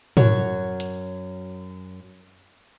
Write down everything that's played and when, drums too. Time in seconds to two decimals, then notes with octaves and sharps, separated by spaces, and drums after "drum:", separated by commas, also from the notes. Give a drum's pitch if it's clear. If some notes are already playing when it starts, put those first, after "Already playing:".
0.17 F#2 F#4 C#5, drum: tom
0.80 drum: hi-hat